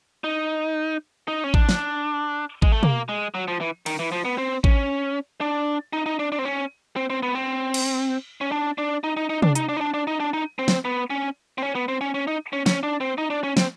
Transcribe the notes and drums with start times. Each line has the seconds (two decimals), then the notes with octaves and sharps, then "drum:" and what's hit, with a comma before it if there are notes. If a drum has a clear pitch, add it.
0.24 D#4
1.28 D#4
1.44 C#4
1.54 D4, drum: kick
1.69 drum: snare
2.62 G#3, drum: kick
2.72 A3
2.83 A#3, drum: tom
3.09 G#3
3.34 F#3
3.48 F3
3.60 E3
3.86 D#3, drum: cymbal
3.99 E3
4.12 F3
4.25 B3
4.38 C4
4.64 C#4, drum: kick
5.41 D4
5.93 D#4
6.06 D#4
6.19 D4
6.32 D4
6.39 C4
6.45 C#4
6.96 C4
7.10 C4
7.23 B3
7.35 C4
7.74 drum: cymbal
8.41 C#4
8.52 D4
8.78 D4
9.04 D#4
9.17 D#4
9.29 D#4
9.42 D4, drum: tom
9.55 D#4, drum: hi-hat
9.69 D4
9.77 D#4
9.81 D4
9.94 D4
10.07 D#4
10.20 D4
10.33 D#4
10.59 C4
10.68 drum: snare
10.85 B3
11.10 C#4
11.58 C4
11.63 C#4
11.75 B3
11.88 C4
12.01 C#4
12.14 C#4
12.27 D#4
12.53 C#4
12.66 C#4, drum: snare
12.83 D4
13.01 C4
13.18 D#4
13.30 D4
13.44 C#4
13.57 C4, drum: snare